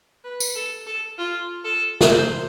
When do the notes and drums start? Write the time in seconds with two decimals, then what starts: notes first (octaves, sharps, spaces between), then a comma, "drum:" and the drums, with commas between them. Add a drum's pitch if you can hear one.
0.24 B4
0.40 drum: tambourine
0.55 A4
0.86 A4
1.18 F4
1.64 A4
2.01 drum: snare
2.11 C5